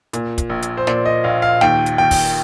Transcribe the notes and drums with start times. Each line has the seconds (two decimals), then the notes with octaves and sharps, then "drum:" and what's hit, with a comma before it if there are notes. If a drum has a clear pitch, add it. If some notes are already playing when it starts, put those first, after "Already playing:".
0.13 A#2, drum: hi-hat
0.38 drum: kick, hi-hat
0.50 A#1
0.62 drum: hi-hat
0.77 C5
0.87 A#2 D5, drum: snare
1.05 D#5
1.24 A#1 F5
1.42 F5
1.61 D#2 G5, drum: snare
1.86 drum: hi-hat
1.98 D#2 G5
2.11 drum: kick, open hi-hat